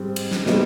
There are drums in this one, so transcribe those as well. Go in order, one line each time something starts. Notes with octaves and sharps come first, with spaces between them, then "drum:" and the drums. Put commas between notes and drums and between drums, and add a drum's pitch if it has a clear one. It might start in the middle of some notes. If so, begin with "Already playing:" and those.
Already playing: G#2 G3 C4
drum: cymbal
drum: snare
B2 G3 B3 D#4, drum: snare